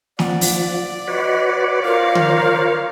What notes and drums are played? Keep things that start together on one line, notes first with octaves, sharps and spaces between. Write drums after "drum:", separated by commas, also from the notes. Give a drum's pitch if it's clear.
F3 D5 F#5, drum: snare
drum: open hi-hat
F#4 B4 C#5 D#5
F4 A#4 C5 C#5 F5
drum: tom D3